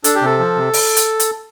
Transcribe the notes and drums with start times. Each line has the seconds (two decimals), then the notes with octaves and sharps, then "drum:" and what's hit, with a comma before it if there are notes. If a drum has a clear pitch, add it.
0.04 D4 A4, drum: hi-hat
0.15 G4
0.22 C3 A4
0.39 F3
0.56 C3
0.73 drum: open hi-hat
0.97 drum: hi-hat
1.20 drum: hi-hat